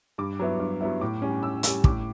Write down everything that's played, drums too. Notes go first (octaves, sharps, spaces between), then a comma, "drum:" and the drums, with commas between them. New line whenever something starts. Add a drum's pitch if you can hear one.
G2 D6
F#3 B3 E4
G2
F#3 B3 E4
A2 D6
G3 C#4
A2 E6
G3 C#4 E6, drum: hi-hat
A2 D6, drum: kick